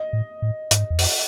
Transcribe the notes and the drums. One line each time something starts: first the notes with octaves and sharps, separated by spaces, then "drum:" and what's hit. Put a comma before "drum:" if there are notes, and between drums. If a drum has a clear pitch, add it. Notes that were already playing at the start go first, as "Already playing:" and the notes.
Already playing: D#5
A2
A2
G#2, drum: hi-hat
E2
F2, drum: open hi-hat